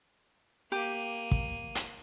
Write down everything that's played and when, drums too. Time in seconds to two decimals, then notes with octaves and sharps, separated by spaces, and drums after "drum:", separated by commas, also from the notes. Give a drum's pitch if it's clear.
0.72 A#3 G4 D#7
1.31 drum: kick
1.75 drum: hi-hat